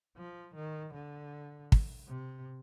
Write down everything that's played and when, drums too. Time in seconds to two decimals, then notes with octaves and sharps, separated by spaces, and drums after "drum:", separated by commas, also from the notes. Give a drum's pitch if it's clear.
0.17 F3
0.55 D#3
0.94 D3
1.72 drum: kick
2.08 C3